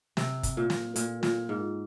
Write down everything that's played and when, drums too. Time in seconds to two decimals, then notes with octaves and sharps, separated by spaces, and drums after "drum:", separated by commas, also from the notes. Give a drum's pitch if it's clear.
0.17 C3, drum: snare
0.43 drum: kick, hi-hat
0.57 A#2
0.70 drum: snare
0.96 A#2, drum: hi-hat
1.23 A#2, drum: snare
1.49 G#2